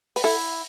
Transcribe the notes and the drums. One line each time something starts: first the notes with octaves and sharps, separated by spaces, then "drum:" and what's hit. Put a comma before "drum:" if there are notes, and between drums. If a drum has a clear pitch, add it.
B4, drum: open hi-hat
E4 A4